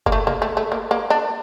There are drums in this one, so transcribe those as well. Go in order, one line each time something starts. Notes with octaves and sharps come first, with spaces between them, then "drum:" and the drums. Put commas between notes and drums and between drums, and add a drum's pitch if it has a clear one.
A#3, drum: kick F#1
A3
A#3, drum: tom
A3
A3
A#3
A#3
D4